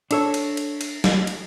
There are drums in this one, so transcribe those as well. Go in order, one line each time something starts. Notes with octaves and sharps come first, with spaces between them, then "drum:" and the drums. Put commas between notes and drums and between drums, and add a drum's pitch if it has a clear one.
D4 A4 C#5, drum: cymbal
drum: cymbal
drum: cymbal
drum: cymbal
drum: snare
drum: cymbal